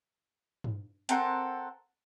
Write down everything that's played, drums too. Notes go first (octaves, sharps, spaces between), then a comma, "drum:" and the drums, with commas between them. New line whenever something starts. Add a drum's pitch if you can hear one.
drum: tom G2
C4 A4 A#4 F#5, drum: hi-hat